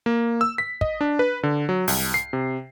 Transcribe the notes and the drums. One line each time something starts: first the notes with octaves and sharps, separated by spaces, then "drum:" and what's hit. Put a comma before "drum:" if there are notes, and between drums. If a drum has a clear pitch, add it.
A#3
E6
B6
D#5, drum: kick
D4
B4
D3
F#3
C2, drum: open hi-hat
C7
C3